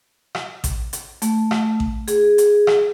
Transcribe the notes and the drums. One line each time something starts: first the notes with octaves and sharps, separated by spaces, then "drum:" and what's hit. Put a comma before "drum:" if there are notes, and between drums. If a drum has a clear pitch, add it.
drum: rim click
drum: kick A1, hi-hat
drum: hi-hat
A3, drum: hi-hat
drum: rim click
drum: kick A1
G#4, drum: hi-hat
drum: hi-hat
drum: rim click